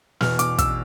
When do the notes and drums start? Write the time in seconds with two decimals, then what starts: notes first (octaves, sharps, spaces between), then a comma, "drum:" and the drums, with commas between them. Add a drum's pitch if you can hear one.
0.21 E2 B2 F6, drum: snare
0.39 D6, drum: hi-hat
0.58 E6, drum: kick, hi-hat